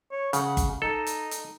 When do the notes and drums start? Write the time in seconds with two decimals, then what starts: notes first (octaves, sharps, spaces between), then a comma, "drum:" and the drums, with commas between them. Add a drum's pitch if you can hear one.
0.11 C#5
0.33 C#3 F#5, drum: hi-hat
0.57 drum: kick G1, hi-hat
0.82 D#4 A4
1.07 drum: hi-hat
1.31 drum: hi-hat